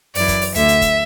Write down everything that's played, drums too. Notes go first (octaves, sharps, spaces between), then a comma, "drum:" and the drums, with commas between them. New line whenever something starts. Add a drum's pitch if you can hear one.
F#2 E3 D5, drum: open hi-hat
drum: kick, hi-hat
drum: open hi-hat
D2 D3 E5, drum: hi-hat
drum: hi-hat
drum: kick, hi-hat